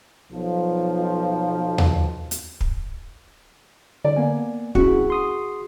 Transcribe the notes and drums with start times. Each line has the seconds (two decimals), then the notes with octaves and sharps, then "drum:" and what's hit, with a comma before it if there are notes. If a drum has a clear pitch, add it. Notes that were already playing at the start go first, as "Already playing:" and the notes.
0.32 B1 F3
1.78 drum: tom D#2
2.31 drum: hi-hat
2.61 drum: kick
4.05 D3 D5
4.16 A#3 B3 G#5
4.75 C#3 C#4 E4 F#4 F#5, drum: kick
5.10 C6 D#6 C7